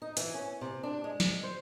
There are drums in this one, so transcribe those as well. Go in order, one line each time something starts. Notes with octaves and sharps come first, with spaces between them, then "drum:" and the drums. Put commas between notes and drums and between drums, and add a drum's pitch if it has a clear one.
D#4
E3, drum: hi-hat
C#4
C3
D4
G#3
drum: snare
C5